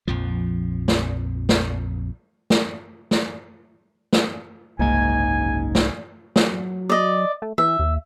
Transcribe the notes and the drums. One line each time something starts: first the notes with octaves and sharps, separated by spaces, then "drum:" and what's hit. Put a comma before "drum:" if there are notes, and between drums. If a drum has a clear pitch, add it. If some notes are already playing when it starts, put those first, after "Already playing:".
A#1 F2 F3
drum: snare
drum: snare
drum: snare
drum: snare
drum: snare
F#1 C2 G#2 A#3 D#4 G#5 G#6
drum: snare
F#3, drum: snare
D5 D#5
A3
E3 E5
D#2